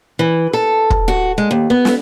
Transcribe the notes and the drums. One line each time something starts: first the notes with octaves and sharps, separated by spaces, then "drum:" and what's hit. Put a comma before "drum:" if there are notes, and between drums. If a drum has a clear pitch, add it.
E3
A4
drum: kick
F#4
G#3
D#2
B3
drum: snare